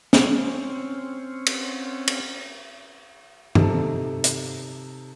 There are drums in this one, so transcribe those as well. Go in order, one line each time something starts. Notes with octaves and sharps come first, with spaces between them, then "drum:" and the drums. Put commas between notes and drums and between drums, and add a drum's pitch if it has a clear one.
C4 C#4, drum: snare
drum: cymbal
drum: cymbal
C3 D#4 A4, drum: tom G2
drum: hi-hat